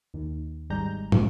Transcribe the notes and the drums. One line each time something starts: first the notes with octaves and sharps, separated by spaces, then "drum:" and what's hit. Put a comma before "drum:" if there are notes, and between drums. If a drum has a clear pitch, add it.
D#2
G#1 G3 G#3 A#5 G6
drum: tom